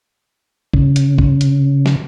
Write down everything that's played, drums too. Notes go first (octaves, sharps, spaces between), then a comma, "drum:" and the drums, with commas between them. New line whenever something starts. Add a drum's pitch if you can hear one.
C#3, drum: kick
drum: hi-hat
drum: kick
drum: hi-hat
drum: snare